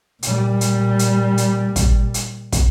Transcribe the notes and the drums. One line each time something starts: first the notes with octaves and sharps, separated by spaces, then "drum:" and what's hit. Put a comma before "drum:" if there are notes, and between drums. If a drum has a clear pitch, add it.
A#2 G3, drum: hi-hat
drum: hi-hat
drum: hi-hat
drum: hi-hat
drum: kick, hi-hat
drum: hi-hat
drum: kick, hi-hat